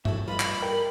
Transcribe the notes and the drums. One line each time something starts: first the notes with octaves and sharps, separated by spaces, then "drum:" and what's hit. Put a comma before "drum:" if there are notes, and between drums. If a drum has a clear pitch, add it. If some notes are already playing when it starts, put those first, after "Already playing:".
A2 F#4 A4 E5, drum: tom G2
G3 F4 B4 D#5 F5 B5
drum: clap
G4 A4 A#4 G5